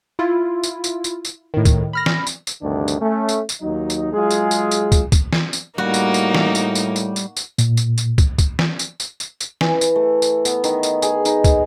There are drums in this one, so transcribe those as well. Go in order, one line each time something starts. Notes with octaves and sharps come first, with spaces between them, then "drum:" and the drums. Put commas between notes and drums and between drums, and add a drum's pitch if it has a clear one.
E4 F4
drum: tambourine
drum: tambourine
drum: tambourine
drum: tambourine
A2 D#3
drum: kick, tambourine
B5 F6 A#6
drum: snare
drum: tambourine
drum: tambourine
D2 G2 C3 D#3 D4
drum: tambourine
A3 C#4
drum: tambourine
drum: tambourine
D#2 F#3 D#4
drum: tambourine
F#3 G#3 F4 G#4
drum: tambourine
drum: tambourine
drum: tambourine
drum: kick, tambourine
drum: kick, tambourine
drum: snare
drum: tambourine
A2 G3 A#3 D#4 F#4
drum: tambourine
drum: tambourine
drum: snare
drum: tambourine
drum: tambourine
drum: tambourine
drum: tambourine
drum: tambourine
A#2, drum: tambourine
drum: tambourine
drum: tambourine
drum: kick, tambourine
drum: kick, tambourine
drum: snare
drum: tambourine
drum: tambourine
drum: tambourine
drum: tambourine
E3, drum: snare
drum: tambourine
A3
drum: tambourine
B3, drum: tambourine
D#3, drum: tambourine
drum: tambourine
G#4, drum: tambourine
D#4, drum: tambourine
drum: kick, tambourine